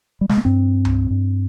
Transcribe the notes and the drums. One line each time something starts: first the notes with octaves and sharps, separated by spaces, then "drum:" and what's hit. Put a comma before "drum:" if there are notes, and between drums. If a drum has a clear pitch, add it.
G3
G#3, drum: snare
A#3
G2 C4
drum: tom C2
G2